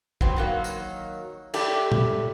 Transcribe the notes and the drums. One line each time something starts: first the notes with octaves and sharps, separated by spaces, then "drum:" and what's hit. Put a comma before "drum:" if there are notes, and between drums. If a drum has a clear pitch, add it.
E3 F#3 B3 C4, drum: kick
D#3 F#3 A#3
drum: tambourine
A3 E4 G4 D5, drum: cymbal
drum: tom